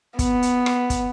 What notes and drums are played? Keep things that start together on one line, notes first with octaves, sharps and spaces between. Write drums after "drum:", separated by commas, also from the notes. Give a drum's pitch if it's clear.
B3, drum: kick, hi-hat
drum: hi-hat
drum: rim click
drum: kick, hi-hat